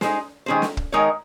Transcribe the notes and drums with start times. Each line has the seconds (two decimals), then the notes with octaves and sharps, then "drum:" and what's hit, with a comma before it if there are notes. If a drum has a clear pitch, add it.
0.01 G#3 D#4 G#4 C5, drum: snare
0.46 D#3 G#3 C#4 G#4 C5
0.62 drum: snare
0.77 drum: kick
0.92 D#3 G#3 D#4 A#4 C#5